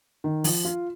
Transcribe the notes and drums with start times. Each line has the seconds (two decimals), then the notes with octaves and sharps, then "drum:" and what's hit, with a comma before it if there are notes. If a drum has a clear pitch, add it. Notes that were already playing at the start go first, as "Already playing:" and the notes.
0.24 D#3
0.44 F3, drum: open hi-hat
0.65 F4